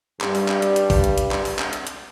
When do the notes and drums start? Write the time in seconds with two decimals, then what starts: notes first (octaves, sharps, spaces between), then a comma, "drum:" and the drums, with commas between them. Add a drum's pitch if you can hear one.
0.21 G2 G3, drum: clap
0.35 drum: open hi-hat
0.49 drum: clap
0.62 drum: hi-hat
0.76 drum: hi-hat
0.90 drum: kick, open hi-hat
1.04 drum: hi-hat
1.18 drum: hi-hat
1.31 drum: clap
1.45 drum: open hi-hat
1.59 drum: clap
1.73 drum: hi-hat
1.87 drum: hi-hat